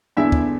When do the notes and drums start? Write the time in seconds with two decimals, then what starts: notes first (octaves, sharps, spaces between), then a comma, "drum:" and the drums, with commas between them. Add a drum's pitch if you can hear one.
0.17 E2 D3 G#3 D4 E4 E5
0.32 drum: kick D2